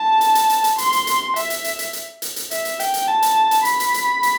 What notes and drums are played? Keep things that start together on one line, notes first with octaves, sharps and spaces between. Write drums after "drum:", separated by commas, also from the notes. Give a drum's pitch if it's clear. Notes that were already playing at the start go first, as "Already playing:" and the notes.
Already playing: A5
drum: hi-hat
drum: hi-hat
drum: hi-hat
drum: hi-hat
C6, drum: hi-hat
drum: hi-hat
drum: hi-hat
E5, drum: hi-hat
drum: hi-hat
drum: hi-hat
drum: hi-hat
drum: hi-hat
drum: hi-hat
drum: hi-hat
E5, drum: hi-hat
drum: hi-hat
G5, drum: hi-hat
drum: hi-hat
A5
drum: hi-hat
drum: hi-hat
B5, drum: hi-hat
drum: hi-hat
drum: hi-hat
drum: hi-hat